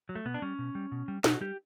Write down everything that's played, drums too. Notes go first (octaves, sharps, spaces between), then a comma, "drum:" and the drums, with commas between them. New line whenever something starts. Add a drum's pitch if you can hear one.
F#3
A3
B2 B3
D4
G3 C#4
B2
G3
B2
G3
B2 F#4, drum: snare
G3 G4